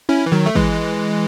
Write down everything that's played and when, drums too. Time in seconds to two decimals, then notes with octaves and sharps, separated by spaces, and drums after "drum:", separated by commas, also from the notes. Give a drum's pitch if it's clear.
0.09 C#4 E4
0.26 E3
0.32 D#3 F#3
0.46 A3
0.55 E3 G#3, drum: kick